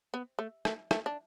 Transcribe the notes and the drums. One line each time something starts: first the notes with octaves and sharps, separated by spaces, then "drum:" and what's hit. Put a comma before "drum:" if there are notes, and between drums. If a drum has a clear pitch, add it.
B3
A3
A3, drum: rim click
A3, drum: rim click
D4